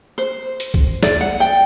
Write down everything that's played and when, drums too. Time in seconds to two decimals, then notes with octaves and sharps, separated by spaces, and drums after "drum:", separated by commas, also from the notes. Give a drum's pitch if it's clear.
0.18 C5
0.60 drum: hi-hat
0.74 drum: kick B1
1.03 D5, drum: snare
1.21 F#5
1.40 G5